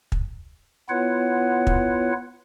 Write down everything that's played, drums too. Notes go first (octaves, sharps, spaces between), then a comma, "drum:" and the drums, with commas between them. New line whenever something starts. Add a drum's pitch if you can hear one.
drum: kick
B3 E4 F4 B4 C#5 F#5
drum: kick